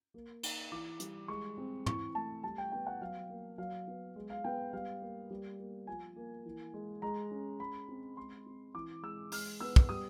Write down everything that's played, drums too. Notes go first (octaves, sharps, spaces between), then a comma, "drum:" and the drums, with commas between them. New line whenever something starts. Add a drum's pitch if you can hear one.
A#3
D#4, drum: cymbal
E3 D6
G3, drum: hi-hat
G#3 C#6
C4
E3 C#6, drum: tom
A3 A5
G3 A5
G5
B3 G5
F#5
F#3 F5
A#3
F#3 F5
B3
G#3
F5
B3 G5
G3 F5
A#3
G3
A#3
F3 G#5
A#3
E3
G#3
G#3 A#5
C#4
G#3 B5
C4
G#3 C6
C4
E3 D6
G#3 E6
G#3 F6, drum: open hi-hat
B3 E6
drum: kick
G3 D#6